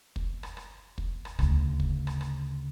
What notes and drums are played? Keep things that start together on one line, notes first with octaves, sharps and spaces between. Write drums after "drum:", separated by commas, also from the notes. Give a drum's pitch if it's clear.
drum: kick
drum: rim click
drum: rim click
drum: kick
drum: rim click
D2 C#3, drum: rim click
drum: kick
drum: rim click
drum: rim click